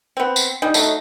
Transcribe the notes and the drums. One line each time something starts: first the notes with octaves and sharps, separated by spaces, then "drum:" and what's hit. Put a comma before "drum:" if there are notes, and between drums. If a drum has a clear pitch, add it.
B3 C4
drum: tambourine
G3 D#4 G#5
F#3 A3 D#4, drum: tambourine